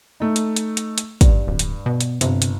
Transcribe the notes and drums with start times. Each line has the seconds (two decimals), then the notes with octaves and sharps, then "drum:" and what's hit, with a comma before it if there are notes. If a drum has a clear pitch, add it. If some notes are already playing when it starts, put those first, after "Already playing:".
0.20 A3 D#4
0.36 drum: hi-hat
0.56 drum: hi-hat
0.77 drum: hi-hat
0.98 drum: hi-hat
1.21 G2, drum: kick, hi-hat
1.47 D1
1.59 drum: hi-hat
1.86 B2
2.01 drum: hi-hat
2.21 G1 C3, drum: hi-hat
2.42 drum: hi-hat